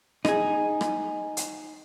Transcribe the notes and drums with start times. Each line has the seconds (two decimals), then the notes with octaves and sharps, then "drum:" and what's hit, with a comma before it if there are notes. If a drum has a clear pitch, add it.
0.25 D#4 G#4, drum: rim click
0.81 drum: rim click
1.37 drum: hi-hat